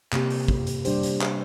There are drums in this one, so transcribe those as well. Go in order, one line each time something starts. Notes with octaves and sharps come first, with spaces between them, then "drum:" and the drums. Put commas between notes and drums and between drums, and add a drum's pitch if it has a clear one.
C3 A#3 G4, drum: clap
drum: open hi-hat
drum: kick
drum: hi-hat
G3 D4 G4 C5, drum: hi-hat
drum: hi-hat
drum: clap